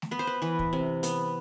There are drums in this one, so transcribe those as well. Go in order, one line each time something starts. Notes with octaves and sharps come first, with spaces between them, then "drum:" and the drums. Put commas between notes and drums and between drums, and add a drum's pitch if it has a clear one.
drum: snare A3
B3 B4
C5
B4
E3 B4
drum: kick
C3
B3, drum: hi-hat